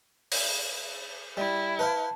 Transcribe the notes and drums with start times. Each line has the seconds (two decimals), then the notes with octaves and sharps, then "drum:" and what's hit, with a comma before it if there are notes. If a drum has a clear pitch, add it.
0.32 drum: open hi-hat
1.37 G3 E4
1.79 B4 C5 F5 A5